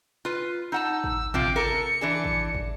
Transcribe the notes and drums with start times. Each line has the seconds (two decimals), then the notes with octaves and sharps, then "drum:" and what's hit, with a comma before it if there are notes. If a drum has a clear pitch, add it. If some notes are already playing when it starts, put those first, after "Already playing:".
0.25 F4 B4
0.72 D#4 F#5 A5 E6
1.04 drum: kick
1.34 C3 F3 F4 D6, drum: kick
1.56 A4 A#4 C#7
2.01 E3 D4 G#4
2.24 drum: kick
2.55 drum: kick